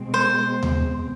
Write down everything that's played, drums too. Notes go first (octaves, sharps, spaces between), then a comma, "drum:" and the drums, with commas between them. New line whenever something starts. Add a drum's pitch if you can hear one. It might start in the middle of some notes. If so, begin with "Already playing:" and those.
Already playing: B2 G#3 C4
C5
drum: tom D#2